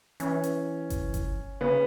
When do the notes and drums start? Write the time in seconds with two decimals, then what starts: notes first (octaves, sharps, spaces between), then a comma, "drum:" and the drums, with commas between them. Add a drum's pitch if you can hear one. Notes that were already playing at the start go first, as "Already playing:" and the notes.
0.20 E3 C#4, drum: hi-hat
0.44 drum: hi-hat
0.90 drum: kick G1, hi-hat
1.14 drum: kick G1, hi-hat
1.61 C#3 B3